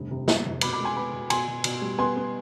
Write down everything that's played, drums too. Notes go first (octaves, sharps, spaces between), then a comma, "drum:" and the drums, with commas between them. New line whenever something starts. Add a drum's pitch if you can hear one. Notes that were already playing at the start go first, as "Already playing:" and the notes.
Already playing: F1 G2
C3
C3, drum: snare
F1
B2 B5 D6, drum: cymbal
B5 D6
G#3
G#5 C6
B3 B5 D6
B2
B2 G#5 C6, drum: cymbal
B2
B2, drum: cymbal
G3
B3 G#5 C6
B3